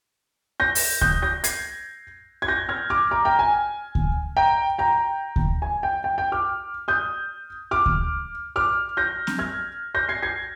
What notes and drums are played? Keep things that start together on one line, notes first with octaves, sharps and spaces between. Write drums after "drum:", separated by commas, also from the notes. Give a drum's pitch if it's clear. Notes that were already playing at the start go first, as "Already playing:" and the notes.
G6 A#6
drum: open hi-hat
D#6 G6, drum: kick D2
G6 A#6
G#6 C7, drum: hi-hat
G#6
G6 A#6
F6 G#6
D6 F6
A#5 D6
G5 A#5
G#5
drum: kick D2
G5 A#5
G5 A#5
drum: kick D2
G#5
G5
G5
G5
D6 F6
D#6 G6
D6 F6
drum: kick D2
D6 F6
G6 A#6
drum: snare C4
F6 G#6
G6 A#6
G#6 C7
G#6 C7